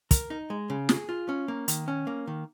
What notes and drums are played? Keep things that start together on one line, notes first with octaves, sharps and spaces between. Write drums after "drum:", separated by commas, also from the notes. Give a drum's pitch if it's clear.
A#4, drum: kick, hi-hat
D#4
G#3
C#3
G#4, drum: snare
F4
C#4
A#3
D#3, drum: hi-hat
C#4
A#3
D#3